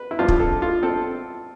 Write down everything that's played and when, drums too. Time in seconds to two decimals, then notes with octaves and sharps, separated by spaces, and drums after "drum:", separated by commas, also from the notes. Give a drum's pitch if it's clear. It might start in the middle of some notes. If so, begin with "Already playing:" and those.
Already playing: B4
0.11 E4
0.19 G2 F3 C4 F4
0.28 drum: kick
0.40 A4
0.62 F4
0.83 C4 A4